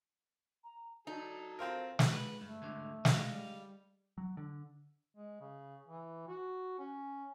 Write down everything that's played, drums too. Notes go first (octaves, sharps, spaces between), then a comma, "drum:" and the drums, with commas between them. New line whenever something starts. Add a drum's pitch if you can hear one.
A#5
F#3 D#4 A4 D5
C4 F4 A#4 C5
drum: snare
B4
G2 A3
D2 G#2 D3
D#5 F5, drum: snare
G3
F#3
D3
G#3
C#3
E3
F#4
C#4